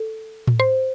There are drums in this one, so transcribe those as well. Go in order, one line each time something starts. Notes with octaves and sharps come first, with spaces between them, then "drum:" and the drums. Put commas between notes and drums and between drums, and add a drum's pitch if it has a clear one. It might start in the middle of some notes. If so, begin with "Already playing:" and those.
Already playing: A4
drum: tom A2
C5